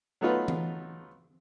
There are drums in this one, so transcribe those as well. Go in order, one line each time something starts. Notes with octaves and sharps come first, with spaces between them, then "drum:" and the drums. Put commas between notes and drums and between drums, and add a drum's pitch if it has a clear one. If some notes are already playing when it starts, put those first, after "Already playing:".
F#3 A3 B3 D#4 F4 B4
drum: tom E3